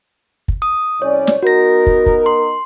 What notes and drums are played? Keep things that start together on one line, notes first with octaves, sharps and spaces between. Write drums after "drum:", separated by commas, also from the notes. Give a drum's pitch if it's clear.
drum: kick
D#6
C2 C#4 C#5 D5
drum: snare
B3 D#4 F#4 A#4 A#6
drum: kick
drum: kick
C6